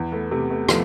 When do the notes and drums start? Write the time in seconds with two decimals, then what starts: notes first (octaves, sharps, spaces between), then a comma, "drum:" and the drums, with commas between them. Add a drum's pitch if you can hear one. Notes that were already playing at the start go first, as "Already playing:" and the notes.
Already playing: E2
0.12 A3 B3
0.31 C3 A3 B3
0.50 A3 B3
0.69 F3 A3 B3, drum: rim click